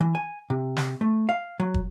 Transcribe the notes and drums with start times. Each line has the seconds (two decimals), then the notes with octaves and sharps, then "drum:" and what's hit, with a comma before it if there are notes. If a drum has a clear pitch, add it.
0.01 E3
0.15 G#5
0.50 C3
0.77 drum: snare
1.01 A3
1.29 F5
1.60 F#3
1.74 drum: kick